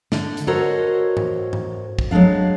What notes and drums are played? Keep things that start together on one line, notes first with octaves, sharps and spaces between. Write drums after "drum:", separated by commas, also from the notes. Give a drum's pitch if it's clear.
D3, drum: snare
drum: hi-hat
F#4 A4 A#4 C5 C#5 D#5
drum: tom G#2
drum: tom G#2
drum: kick
F#3 G#3 A3 D4 F5